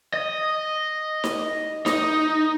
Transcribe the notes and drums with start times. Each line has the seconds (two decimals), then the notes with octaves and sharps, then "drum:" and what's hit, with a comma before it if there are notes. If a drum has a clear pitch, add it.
0.14 D#5
1.24 drum: snare D#4
1.86 D#4, drum: snare D#4